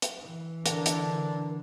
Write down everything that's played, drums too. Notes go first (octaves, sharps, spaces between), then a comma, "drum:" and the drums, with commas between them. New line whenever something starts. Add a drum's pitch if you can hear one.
drum: hi-hat
E3
D3 D4 A#4, drum: hi-hat
drum: hi-hat